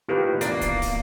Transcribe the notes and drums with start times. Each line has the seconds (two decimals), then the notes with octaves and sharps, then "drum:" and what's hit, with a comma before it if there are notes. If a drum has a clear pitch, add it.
0.08 A2 D#3 A#3 F4 G4 B4
0.41 E2 A#3 D4, drum: hi-hat
0.61 drum: kick, hi-hat
0.82 drum: kick, open hi-hat